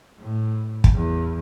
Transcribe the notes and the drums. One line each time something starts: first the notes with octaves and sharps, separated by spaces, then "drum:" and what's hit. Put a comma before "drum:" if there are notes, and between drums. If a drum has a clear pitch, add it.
A2
drum: kick
E2